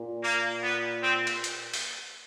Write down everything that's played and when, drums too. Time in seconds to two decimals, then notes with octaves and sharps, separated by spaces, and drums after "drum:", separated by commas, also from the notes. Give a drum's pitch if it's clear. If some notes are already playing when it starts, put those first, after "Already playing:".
Already playing: A#2
0.23 A#3
0.62 B3
1.01 C4
1.27 drum: cymbal
1.44 drum: hi-hat
1.74 drum: open hi-hat